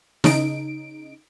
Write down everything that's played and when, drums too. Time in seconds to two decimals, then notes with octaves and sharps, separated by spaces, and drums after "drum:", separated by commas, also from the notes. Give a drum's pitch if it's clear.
0.24 C#3 D#4 D7, drum: snare